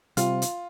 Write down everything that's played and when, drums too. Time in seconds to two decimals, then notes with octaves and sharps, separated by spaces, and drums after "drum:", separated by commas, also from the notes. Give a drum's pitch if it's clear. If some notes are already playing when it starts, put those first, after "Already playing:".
0.17 C3 G3 C4 F4, drum: hi-hat
0.42 drum: hi-hat